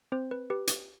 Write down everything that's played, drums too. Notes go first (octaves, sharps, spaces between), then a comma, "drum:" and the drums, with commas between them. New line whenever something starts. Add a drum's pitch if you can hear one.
C4 C5
B4
G4 B4
drum: hi-hat